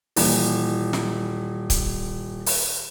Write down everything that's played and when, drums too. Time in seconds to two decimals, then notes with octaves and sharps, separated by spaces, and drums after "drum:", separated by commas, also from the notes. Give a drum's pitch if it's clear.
0.16 D#1 E3, drum: open hi-hat
0.93 drum: snare
1.70 drum: kick C#1, hi-hat
2.46 drum: open hi-hat